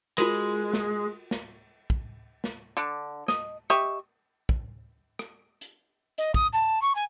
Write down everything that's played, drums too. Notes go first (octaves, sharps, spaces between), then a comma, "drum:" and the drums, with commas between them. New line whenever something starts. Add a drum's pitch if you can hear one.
G#3 F4 F#4 A#4, drum: cymbal
drum: snare
drum: snare
drum: kick
drum: snare
D3 D4
D#5, drum: snare
G4 D#5 E5 C#6, drum: rim click
drum: kick
drum: rim click
drum: hi-hat
D#5, drum: hi-hat
D#6, drum: kick
A5
C#6
G#5